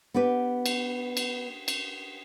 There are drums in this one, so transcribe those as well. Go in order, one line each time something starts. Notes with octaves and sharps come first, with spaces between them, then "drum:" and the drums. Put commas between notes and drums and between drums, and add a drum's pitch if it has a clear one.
B3 D4 G4 B4
drum: cymbal
drum: cymbal
drum: cymbal